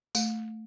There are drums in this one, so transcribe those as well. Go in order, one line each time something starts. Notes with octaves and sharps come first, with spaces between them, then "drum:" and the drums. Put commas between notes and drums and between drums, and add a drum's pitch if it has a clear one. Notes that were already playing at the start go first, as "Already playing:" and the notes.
A3, drum: tambourine